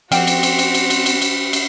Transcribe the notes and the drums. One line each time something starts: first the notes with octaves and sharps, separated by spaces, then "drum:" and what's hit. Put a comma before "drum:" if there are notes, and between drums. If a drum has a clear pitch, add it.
F3 C4 F#4 G4 A4 F#5 G5, drum: cymbal
drum: cymbal
drum: cymbal
drum: cymbal
drum: cymbal
drum: cymbal
drum: cymbal
drum: cymbal
drum: cymbal